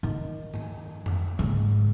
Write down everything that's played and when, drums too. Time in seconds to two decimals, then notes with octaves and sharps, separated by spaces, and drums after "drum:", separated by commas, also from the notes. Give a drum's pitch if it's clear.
0.03 D#3
0.54 drum: tom G2
1.06 drum: tom F2
1.39 G#2, drum: tom C#3